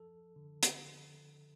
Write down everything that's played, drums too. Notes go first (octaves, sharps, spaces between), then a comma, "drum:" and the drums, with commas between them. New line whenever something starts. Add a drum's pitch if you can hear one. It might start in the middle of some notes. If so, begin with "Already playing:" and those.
Already playing: F3 A4
D3
drum: hi-hat